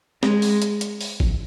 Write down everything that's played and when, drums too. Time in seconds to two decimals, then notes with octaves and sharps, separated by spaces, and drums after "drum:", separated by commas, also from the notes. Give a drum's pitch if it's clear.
0.23 G#3, drum: snare
0.42 drum: open hi-hat
0.62 drum: hi-hat
0.81 drum: hi-hat
1.01 drum: open hi-hat
1.20 drum: kick